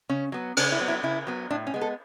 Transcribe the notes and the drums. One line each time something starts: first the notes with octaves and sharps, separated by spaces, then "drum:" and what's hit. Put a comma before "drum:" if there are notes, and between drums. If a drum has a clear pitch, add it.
C#3 C#4
F#3 B3
C#3 D4, drum: cymbal
E4
F#3 B3
E4
C#3 E4
F#3 B3
A2 D4
C#4
G#3 B3
A4